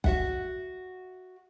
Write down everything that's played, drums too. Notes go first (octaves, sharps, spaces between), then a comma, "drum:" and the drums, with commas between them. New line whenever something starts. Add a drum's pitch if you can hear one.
F#4 E5 F#5, drum: kick